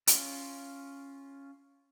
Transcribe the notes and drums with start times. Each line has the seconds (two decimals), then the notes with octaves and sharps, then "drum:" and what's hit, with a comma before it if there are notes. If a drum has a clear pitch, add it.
0.07 C#4 F4, drum: hi-hat